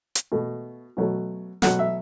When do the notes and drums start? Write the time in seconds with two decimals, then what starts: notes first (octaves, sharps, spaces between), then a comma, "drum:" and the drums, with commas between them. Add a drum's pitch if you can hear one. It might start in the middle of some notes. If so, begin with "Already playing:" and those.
0.15 drum: hi-hat
0.32 B2 A3
0.97 B2 F#3 A3
1.62 B2 F#3 A3 F#5, drum: snare
1.79 E5